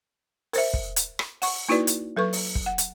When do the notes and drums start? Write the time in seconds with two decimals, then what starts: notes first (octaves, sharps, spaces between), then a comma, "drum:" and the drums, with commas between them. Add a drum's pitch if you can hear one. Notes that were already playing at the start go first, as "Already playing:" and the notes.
0.53 A#4 C5 E5, drum: open hi-hat
0.74 drum: kick
0.96 drum: hi-hat
1.19 drum: rim click
1.42 F#5 C#6, drum: open hi-hat
1.69 A#3 D#4 E4 F#4 B4 D5
1.87 drum: hi-hat
2.16 F#3 A4 B4 C#6
2.33 drum: open hi-hat
2.55 drum: kick
2.66 F#5
2.78 drum: hi-hat